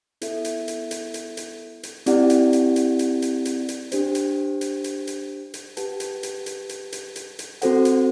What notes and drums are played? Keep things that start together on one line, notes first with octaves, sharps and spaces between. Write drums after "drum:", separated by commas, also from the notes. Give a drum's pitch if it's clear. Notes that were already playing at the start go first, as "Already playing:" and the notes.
B3 E4 A4 E5, drum: hi-hat
drum: hi-hat
drum: hi-hat
drum: hi-hat
drum: hi-hat
drum: hi-hat
drum: hi-hat
C4 E4 G4 D5 F#5, drum: hi-hat
drum: hi-hat
drum: hi-hat
drum: hi-hat
drum: hi-hat
drum: hi-hat
drum: hi-hat
drum: hi-hat
D4 G4 C5, drum: hi-hat
drum: hi-hat
drum: hi-hat
drum: hi-hat
drum: hi-hat
drum: hi-hat
G4 B4 F#5 A5, drum: hi-hat
drum: hi-hat
drum: hi-hat
drum: hi-hat
drum: hi-hat
drum: hi-hat
drum: hi-hat
drum: hi-hat
C4 F#4 A4 C5 F#5, drum: hi-hat
drum: hi-hat